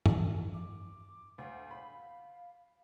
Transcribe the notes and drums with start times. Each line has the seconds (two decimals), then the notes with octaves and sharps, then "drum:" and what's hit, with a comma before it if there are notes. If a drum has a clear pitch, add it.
0.06 drum: tom G2
0.54 D6
1.38 D2 F5
1.71 B5